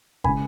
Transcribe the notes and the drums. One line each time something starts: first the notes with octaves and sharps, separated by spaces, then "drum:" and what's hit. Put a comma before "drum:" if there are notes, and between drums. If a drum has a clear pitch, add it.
C#3 G#3 G#5 B5, drum: kick